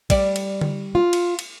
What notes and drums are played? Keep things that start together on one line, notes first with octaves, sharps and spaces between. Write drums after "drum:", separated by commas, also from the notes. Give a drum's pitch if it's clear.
G3 D5, drum: kick, cymbal
drum: cymbal
drum: tom D3
F4
drum: cymbal
drum: cymbal